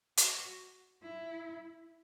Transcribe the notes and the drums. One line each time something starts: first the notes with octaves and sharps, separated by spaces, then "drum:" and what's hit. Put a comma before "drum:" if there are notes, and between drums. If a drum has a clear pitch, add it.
F#4, drum: hi-hat
E4